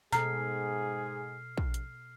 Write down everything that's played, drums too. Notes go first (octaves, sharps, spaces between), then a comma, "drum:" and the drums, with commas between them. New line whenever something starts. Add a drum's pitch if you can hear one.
G#2 B2 G#4 A4 A#5 F6 C7, drum: open hi-hat
drum: kick
drum: hi-hat